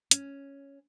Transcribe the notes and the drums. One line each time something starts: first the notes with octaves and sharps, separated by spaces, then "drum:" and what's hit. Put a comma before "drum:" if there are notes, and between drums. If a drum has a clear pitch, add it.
C#4, drum: hi-hat